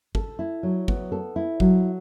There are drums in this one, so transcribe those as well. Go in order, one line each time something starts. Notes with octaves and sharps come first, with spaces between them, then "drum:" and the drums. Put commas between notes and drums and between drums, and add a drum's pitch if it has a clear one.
A4, drum: kick
E4
F#3
B3, drum: kick
A4
E4
F#3, drum: kick